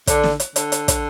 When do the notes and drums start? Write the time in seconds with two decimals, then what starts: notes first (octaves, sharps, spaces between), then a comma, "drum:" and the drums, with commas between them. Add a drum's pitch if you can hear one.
0.07 D3, drum: kick, hi-hat
0.23 drum: snare
0.40 drum: hi-hat
0.56 D3, drum: hi-hat
0.72 drum: hi-hat
0.88 drum: kick, hi-hat